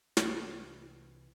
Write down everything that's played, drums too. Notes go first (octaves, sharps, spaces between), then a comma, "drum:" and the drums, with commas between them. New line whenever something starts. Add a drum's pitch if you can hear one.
C2 E3, drum: snare